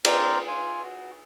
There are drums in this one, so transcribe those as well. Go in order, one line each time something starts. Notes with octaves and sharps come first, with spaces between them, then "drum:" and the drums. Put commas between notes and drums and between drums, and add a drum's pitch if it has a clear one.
C4 A#4 C5 D5, drum: cymbal
F4 G#5
F#4